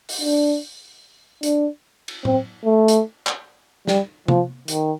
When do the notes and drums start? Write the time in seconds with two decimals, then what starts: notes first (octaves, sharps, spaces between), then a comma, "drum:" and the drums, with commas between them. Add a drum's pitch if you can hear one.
0.09 drum: open hi-hat
0.22 D4
1.43 D4, drum: hi-hat
2.08 drum: cymbal
2.25 C4, drum: tom A2
2.65 A3
2.88 drum: hi-hat
3.27 drum: clap
3.87 G3, drum: snare
4.28 F3, drum: tom C3
4.68 D#3, drum: hi-hat